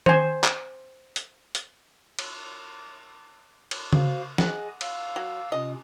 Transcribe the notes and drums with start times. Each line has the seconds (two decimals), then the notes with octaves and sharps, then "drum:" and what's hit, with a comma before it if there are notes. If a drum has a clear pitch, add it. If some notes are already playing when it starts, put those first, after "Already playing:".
0.06 C5 G#5, drum: tom D#3
0.44 drum: clap
1.16 drum: hi-hat
1.55 drum: hi-hat
2.19 drum: cymbal
3.71 drum: cymbal
3.93 F#4 C5 F5, drum: tom C#3
4.38 G#4 D#5 F#5 G#5, drum: snare F3
4.81 F5 E6, drum: cymbal
5.16 F#3
5.52 C3 C#4 F4 D#5